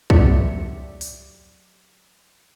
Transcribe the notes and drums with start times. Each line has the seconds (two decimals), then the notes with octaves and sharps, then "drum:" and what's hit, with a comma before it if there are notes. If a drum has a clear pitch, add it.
0.10 F#3 G4 D5 E5 C#7, drum: kick
1.01 drum: open hi-hat